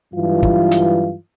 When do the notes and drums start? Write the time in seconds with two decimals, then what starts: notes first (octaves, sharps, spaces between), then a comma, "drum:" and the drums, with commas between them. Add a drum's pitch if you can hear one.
0.14 G2 E3 F#3 F4
0.43 drum: kick
0.71 drum: hi-hat